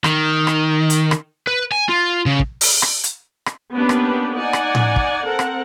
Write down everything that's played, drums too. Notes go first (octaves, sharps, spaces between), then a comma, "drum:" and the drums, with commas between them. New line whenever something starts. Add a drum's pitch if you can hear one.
D#3, drum: rim click
drum: rim click
drum: hi-hat
drum: rim click
B4
G#5
F4
C#3
drum: kick
drum: open hi-hat
drum: rim click
drum: hi-hat
drum: rim click
A#3 B3 C#4 D4 G4 B4
drum: rim click
D#4 D5 F#5 G#5
drum: rim click
drum: tom A2
drum: kick
C4 A4 A#4 F#5
drum: rim click